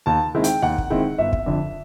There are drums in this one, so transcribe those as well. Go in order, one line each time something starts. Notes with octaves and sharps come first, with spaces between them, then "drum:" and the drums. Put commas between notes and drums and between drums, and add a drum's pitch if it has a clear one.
D#2 A5
D#3 G#3 C4 E4
G5, drum: hi-hat
D#2 F#5
drum: kick
D#3 G#3 C4 E4
G1 E5
drum: kick
F2 D3